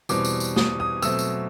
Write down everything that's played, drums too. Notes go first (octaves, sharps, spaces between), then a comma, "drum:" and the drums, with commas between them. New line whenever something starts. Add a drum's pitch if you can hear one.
E2 B2 G3 C4 D6, drum: tambourine
drum: tambourine
drum: tambourine
D#6, drum: snare
D#6
B2 F#3 A3 C4 E6, drum: tambourine
drum: tambourine